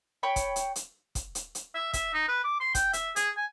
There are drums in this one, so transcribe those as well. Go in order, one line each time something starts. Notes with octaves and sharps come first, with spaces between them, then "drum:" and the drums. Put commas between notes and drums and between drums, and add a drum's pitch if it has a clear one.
C#5 G5 B5
drum: kick, hi-hat
drum: hi-hat
drum: hi-hat
drum: kick, hi-hat
drum: hi-hat
drum: hi-hat
E5
E5, drum: kick, hi-hat
D#4
B4
D6
C6
G5, drum: kick, hi-hat
E5, drum: hi-hat
G#4, drum: hi-hat
G#5